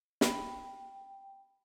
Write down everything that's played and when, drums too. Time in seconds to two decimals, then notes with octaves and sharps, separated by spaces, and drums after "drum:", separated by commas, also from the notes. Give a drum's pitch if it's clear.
0.21 G5 B5, drum: snare